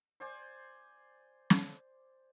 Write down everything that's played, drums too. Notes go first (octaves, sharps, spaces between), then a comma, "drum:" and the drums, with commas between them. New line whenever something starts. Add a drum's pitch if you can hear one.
C5 D5 G#5
drum: snare